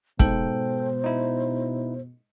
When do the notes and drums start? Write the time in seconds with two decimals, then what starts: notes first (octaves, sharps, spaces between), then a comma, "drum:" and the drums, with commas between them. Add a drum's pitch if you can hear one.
0.19 G#2 B2 A4 C5 G5 F#7, drum: kick
1.04 D#4 E4